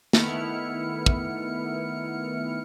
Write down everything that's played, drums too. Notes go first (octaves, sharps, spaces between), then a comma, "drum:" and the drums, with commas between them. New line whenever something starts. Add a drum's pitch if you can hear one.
D#3 A3 B3 E4 F6 C#7, drum: snare
drum: kick